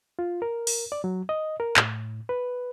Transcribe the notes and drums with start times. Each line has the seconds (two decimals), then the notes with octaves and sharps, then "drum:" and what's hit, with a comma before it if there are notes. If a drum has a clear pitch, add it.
0.19 F4
0.42 A#4
0.67 drum: open hi-hat
0.92 D5
1.04 F#3
1.29 D#5
1.60 A#4
1.77 A2, drum: clap
2.29 B4